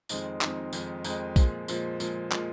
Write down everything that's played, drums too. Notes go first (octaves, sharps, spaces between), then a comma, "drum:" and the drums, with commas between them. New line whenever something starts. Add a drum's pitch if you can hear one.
F2 D#3 G#3 C4 D#4, drum: tambourine
F2 D#3 G#3 C4 D#4, drum: clap
F2 D#3 G#3 C4 D#4, drum: tambourine
F2 D#3 G#3 C4 D#4, drum: tambourine
A#2 F3 G#3, drum: kick, tambourine
A#2 F3 G#3, drum: tambourine
A#2 F3 G#3, drum: tambourine
A#2 F3 G#3, drum: clap